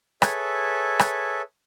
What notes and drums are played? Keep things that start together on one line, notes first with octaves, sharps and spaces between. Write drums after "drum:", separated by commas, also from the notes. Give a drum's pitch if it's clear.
G#4 A4 B4 C#5 E5, drum: rim click
drum: rim click